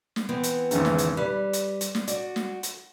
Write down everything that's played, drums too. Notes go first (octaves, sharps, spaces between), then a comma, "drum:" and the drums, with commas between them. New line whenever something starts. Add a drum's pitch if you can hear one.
drum: snare
E3 B3 C4
drum: hi-hat
G#1 E2 C#3, drum: hi-hat
drum: snare
drum: hi-hat
G3 B4
drum: hi-hat
drum: hi-hat
drum: snare
F#4 D5, drum: hi-hat
drum: snare
drum: hi-hat